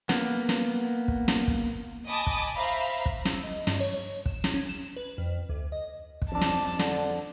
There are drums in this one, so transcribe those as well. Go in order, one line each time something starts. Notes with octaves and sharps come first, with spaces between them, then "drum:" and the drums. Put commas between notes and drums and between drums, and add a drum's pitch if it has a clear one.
A#3 B3, drum: snare
drum: snare
drum: kick
drum: snare
drum: kick
D#5 G#5 A5 B5 D6 D#6
drum: kick
C5 E5 F5 A#5 B5
drum: kick
E6, drum: snare
D#5
G2, drum: snare
C#5
E7, drum: kick
drum: snare
C#4
E7
B4
F2
D2
D#5
drum: kick
F2 D4 A5
drum: snare
D3, drum: snare